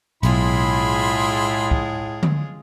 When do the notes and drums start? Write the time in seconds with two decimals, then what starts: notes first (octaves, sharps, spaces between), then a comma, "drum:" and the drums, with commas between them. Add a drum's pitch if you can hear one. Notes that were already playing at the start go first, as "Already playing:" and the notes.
0.23 B1 A2 G#3 E4 F4 G#4 B5 C6, drum: hi-hat
1.71 drum: kick
2.23 drum: tom D3